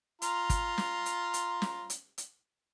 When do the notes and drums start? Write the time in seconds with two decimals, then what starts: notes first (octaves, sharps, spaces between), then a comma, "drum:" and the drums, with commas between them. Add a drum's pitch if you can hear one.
0.22 F4 A#5, drum: hi-hat
0.50 drum: kick, hi-hat
0.78 drum: snare
1.06 drum: hi-hat
1.34 drum: hi-hat
1.62 drum: snare
1.90 drum: hi-hat
2.18 drum: hi-hat